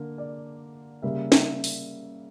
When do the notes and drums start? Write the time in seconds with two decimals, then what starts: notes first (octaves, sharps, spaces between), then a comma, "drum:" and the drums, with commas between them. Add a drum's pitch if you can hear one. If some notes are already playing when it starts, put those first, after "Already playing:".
Already playing: D3 A#3
0.18 D5
1.02 C#3 G3 A#3 E5
1.32 E5, drum: snare
1.64 drum: open hi-hat